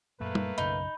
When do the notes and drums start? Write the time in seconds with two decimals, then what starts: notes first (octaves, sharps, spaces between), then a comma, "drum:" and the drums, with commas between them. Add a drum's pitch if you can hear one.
0.20 F#2 A#2 A3 A#3 B4
0.35 drum: tom
0.58 B1 F#2 C#3 D#4 B5 G6